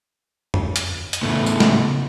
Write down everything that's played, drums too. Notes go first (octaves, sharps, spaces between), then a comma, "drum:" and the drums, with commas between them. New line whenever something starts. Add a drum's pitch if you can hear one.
drum: tom F2
drum: hi-hat
drum: hi-hat
A2 C#3 A3 B3
drum: tambourine
drum: snare